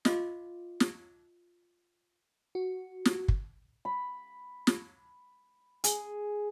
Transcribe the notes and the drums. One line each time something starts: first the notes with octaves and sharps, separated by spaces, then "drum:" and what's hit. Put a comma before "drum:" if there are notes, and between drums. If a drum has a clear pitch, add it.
F4 D#5 F5 C6 D6, drum: snare
drum: snare
F#4
drum: snare
drum: kick
B5
drum: snare
G#4, drum: hi-hat